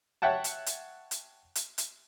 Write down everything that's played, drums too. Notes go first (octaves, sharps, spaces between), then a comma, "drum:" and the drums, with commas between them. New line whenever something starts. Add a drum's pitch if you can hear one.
C#5 E5 F#5 G5 A5
drum: hi-hat
drum: hi-hat
drum: hi-hat
drum: hi-hat
drum: hi-hat